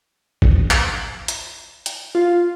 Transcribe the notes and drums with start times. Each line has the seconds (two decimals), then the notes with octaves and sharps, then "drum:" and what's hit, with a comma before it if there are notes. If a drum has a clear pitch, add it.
0.42 drum: kick
0.71 drum: clap
1.28 drum: hi-hat
1.86 drum: hi-hat
2.15 F4